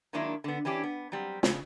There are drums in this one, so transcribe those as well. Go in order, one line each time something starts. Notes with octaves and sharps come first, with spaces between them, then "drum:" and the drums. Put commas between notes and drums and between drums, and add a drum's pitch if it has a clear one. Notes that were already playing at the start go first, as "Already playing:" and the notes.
D#3 F#3 G#3 A#3 D4 E4
D3 B3
E3 C#4 D4 G4
B3
F#3 G3 C4
C#3, drum: snare